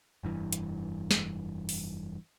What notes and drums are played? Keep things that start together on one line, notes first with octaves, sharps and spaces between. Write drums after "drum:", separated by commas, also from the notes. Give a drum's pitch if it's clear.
F1 G2 E3
drum: hi-hat
drum: snare
drum: open hi-hat